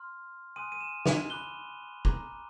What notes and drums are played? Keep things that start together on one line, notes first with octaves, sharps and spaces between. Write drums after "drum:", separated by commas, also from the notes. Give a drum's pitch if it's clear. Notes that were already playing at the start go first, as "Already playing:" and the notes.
Already playing: C6 F6
G#5 C6 D#6 F#6 D#7
D#7
E7
F7, drum: snare
B5 D6 F#6 G7
A#5 D6 F#6, drum: kick